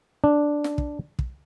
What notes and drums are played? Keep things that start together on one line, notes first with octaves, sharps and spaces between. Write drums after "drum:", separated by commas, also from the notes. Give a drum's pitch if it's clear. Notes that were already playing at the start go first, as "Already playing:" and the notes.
D4
drum: snare
drum: kick
drum: kick